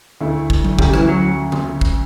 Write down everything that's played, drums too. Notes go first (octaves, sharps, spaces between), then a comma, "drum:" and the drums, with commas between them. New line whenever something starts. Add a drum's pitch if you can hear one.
D2 D3 A3 E4
drum: kick
drum: tom F#3
D2 C#3 F#3 G3 A3, drum: kick
E3, drum: rim click
F#3
drum: tom C#3
drum: kick